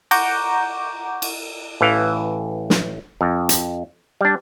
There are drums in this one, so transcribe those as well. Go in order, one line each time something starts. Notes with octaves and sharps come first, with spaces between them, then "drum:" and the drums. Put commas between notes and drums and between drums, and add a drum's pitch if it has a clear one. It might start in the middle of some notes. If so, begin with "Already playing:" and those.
F#5 A#5 C#6 D6 G6, drum: cymbal
drum: cymbal
A1 E3 F5
drum: snare
F2
drum: hi-hat
G3 D4